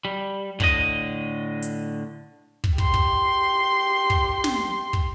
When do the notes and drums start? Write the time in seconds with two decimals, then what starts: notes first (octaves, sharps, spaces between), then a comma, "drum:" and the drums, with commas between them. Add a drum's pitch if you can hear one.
0.05 G3
0.60 A2 D3 D#5, drum: kick
1.62 drum: hi-hat
2.64 drum: kick
2.78 G4 C6, drum: kick
2.94 drum: kick
4.10 drum: kick
4.44 drum: snare
4.93 drum: kick